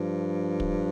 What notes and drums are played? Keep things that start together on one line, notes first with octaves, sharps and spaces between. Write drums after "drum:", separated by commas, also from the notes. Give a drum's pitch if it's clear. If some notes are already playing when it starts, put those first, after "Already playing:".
Already playing: G2 F3
drum: kick